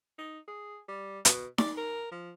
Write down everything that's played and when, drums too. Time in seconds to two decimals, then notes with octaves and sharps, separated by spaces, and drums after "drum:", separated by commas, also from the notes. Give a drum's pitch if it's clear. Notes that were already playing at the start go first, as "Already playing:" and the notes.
0.18 D#4
0.48 G#4
0.89 G3
1.25 B2, drum: hi-hat
1.58 D5, drum: snare D#4
1.77 A#4
2.12 F3